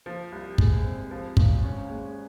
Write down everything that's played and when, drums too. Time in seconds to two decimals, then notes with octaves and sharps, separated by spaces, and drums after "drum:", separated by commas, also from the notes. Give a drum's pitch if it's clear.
0.06 F3
0.32 C2
0.58 G#3, drum: kick
0.84 C4
1.11 F3
1.37 G#1, drum: kick
1.64 C#4
1.90 G#3